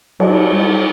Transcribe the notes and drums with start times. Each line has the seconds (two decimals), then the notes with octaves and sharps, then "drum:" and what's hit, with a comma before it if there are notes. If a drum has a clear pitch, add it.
0.20 F#3, drum: cymbal
0.52 G3